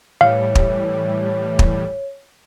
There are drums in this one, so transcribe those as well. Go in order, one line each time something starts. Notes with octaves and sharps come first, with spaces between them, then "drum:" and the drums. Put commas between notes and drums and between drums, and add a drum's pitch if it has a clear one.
A2 E3 G3 C#5 F5
drum: kick
drum: kick